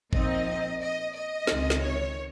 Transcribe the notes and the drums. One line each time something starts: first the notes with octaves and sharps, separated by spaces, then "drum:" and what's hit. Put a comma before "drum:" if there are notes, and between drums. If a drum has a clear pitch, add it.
A#2 F3 C4 D#4 D#5, drum: kick
D#5
D#5
C#2 C3 D#3, drum: snare
drum: snare
C#5